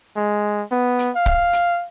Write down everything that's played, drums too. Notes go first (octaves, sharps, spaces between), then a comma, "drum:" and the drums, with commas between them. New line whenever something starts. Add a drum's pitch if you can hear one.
G#3
B3
drum: hi-hat
F5
drum: kick
drum: hi-hat